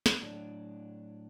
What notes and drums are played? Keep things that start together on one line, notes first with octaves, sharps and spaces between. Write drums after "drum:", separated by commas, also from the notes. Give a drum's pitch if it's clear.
drum: snare
A2 F#3 D4